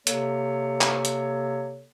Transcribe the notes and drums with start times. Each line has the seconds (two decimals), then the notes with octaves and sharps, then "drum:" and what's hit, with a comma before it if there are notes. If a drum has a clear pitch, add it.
0.07 C3 A#3 A4 C#5, drum: hi-hat
0.81 drum: clap
1.05 drum: hi-hat